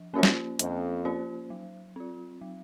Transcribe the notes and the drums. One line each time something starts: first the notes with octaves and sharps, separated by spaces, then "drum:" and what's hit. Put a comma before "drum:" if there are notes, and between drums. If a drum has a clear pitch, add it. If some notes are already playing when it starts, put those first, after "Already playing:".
Already playing: F3
F#2 A#3 C#4 F4 C5
drum: snare
F2 F3, drum: hi-hat
A#3 C#4 F4 C5
F#3
C4 F4
F#3